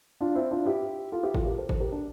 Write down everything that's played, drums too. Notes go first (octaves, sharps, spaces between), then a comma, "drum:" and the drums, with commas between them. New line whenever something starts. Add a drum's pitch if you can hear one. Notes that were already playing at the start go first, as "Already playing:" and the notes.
D4 F4
C4 E4
D4 F4
E4 G4
F4 A4
E4 G4
F4 A4, drum: kick G#1
G4 A#4
A4 C5
A4 C5, drum: kick G#1
G4 A#4
D4